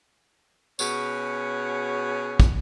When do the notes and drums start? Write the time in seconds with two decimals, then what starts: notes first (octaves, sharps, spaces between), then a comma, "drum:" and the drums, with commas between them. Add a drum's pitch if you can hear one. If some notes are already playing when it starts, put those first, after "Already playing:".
0.79 B2 C#4 F#4 G#4 C#5, drum: tambourine
2.40 drum: kick